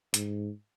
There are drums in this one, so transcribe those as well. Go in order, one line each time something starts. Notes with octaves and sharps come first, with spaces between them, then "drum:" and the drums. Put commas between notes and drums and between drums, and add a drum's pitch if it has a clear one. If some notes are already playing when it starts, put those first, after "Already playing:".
G#2, drum: hi-hat